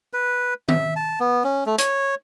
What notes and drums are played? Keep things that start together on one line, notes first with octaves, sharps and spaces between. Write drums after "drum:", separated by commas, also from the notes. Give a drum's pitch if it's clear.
B4
E5, drum: tom D#3
A5
B3
C#4
A3
C#5, drum: hi-hat